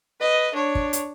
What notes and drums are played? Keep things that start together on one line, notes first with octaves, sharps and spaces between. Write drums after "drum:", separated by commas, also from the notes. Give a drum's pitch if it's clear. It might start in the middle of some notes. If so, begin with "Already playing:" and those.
B4 D#5
D4 C#5
drum: kick
drum: hi-hat